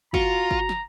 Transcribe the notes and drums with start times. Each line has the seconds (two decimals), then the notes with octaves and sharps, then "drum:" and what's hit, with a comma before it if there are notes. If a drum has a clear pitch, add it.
0.14 F4 F#4 A#5, drum: kick
0.51 drum: kick
0.69 drum: snare